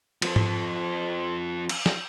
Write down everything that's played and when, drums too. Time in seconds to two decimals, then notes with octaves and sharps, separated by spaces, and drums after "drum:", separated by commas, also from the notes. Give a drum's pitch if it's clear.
0.22 F3 C4, drum: cymbal
0.36 drum: tom G#2
1.69 drum: cymbal
1.86 drum: snare